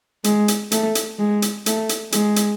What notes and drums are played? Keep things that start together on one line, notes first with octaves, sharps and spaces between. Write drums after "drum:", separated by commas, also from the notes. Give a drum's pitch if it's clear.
G#3, drum: hi-hat
drum: hi-hat
A3, drum: hi-hat
drum: hi-hat
G#3
drum: hi-hat
A3, drum: hi-hat
drum: hi-hat
G#3, drum: hi-hat
drum: hi-hat